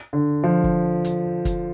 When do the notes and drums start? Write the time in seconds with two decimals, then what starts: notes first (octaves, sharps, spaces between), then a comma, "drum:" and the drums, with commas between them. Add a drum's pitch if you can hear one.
0.13 D3
0.44 F3
0.64 drum: kick
1.05 drum: hi-hat
1.45 drum: kick, hi-hat